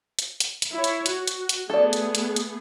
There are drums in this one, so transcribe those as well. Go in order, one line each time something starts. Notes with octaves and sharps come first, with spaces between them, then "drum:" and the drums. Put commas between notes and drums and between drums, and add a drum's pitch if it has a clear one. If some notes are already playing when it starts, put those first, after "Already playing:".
drum: hi-hat
drum: hi-hat
drum: hi-hat
E4 C#5
drum: hi-hat
F#4, drum: hi-hat
drum: hi-hat
drum: hi-hat
A3 B3 G#4 A4 D5
drum: hi-hat
drum: hi-hat
drum: hi-hat